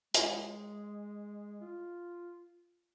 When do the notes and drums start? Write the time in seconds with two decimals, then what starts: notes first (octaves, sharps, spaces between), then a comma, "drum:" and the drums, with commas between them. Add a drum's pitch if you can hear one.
0.14 G#3, drum: hi-hat
1.61 F4